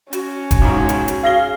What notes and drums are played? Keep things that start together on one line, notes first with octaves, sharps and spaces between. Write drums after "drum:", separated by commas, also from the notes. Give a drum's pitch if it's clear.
C#4 F#4, drum: hi-hat
drum: kick, hi-hat
B1 G#2
drum: hi-hat
drum: hi-hat
G#4 F5 A#6 G7